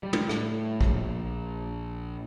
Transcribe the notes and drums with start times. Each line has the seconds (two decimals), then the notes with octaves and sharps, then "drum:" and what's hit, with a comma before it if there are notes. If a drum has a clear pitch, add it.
0.03 G3
0.13 drum: tom
0.29 A2, drum: rim click
0.81 A#1, drum: kick